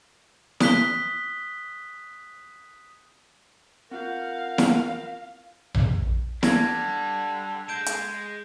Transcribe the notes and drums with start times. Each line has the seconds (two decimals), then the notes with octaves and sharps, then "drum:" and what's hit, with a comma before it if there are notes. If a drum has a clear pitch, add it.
0.60 D#6 F#6 B6 G7, drum: snare E4
3.91 C4 F4 A#4 F5 F#5 G6
4.58 drum: snare E4
5.75 drum: tom A#1
6.43 D3 G3 G#6 A#6, drum: snare E4
7.68 G#3 G6 D7 E7
7.86 drum: hi-hat